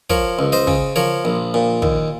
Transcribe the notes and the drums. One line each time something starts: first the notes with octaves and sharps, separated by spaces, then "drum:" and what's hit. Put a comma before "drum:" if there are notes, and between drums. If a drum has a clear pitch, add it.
F3 A#4 C#5, drum: kick
C#2
C5 D#5
C#3, drum: kick
F3 A#4 C#5
A#1
A#2
D#2, drum: kick